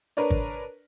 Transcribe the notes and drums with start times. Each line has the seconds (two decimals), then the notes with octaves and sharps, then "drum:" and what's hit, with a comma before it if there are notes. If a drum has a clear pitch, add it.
0.17 D4 A#4 B4 C#5 D5
0.30 drum: kick G#1